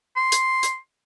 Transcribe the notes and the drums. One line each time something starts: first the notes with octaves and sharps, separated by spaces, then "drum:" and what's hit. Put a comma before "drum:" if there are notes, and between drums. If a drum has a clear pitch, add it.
C6
drum: hi-hat
drum: hi-hat